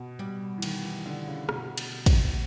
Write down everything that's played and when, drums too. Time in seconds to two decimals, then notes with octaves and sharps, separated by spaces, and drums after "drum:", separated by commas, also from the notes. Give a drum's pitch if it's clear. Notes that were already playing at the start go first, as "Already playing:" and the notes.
Already playing: B2
0.19 G3
0.58 E3
0.62 D#3, drum: cymbal
0.84 E3
1.06 D3
1.27 C#3
1.49 B2, drum: rim click
1.78 drum: cymbal
2.06 drum: kick, cymbal